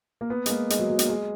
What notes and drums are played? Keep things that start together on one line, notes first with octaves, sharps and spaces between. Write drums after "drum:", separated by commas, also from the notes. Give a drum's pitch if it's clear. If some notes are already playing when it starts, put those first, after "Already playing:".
A#3
B3
G#3, drum: hi-hat
A#3
G#3, drum: hi-hat
F#3
F#3
A#3, drum: hi-hat
G#3